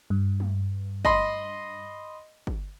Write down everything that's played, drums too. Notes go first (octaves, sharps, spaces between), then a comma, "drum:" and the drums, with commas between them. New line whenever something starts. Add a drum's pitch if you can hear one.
G2
drum: tom G#3
D#5 B5 C6, drum: kick G1
drum: kick G1